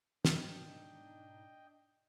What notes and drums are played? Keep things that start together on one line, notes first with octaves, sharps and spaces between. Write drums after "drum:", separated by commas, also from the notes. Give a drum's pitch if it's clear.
G#2 B2 D4 D#4 D#5 G5, drum: snare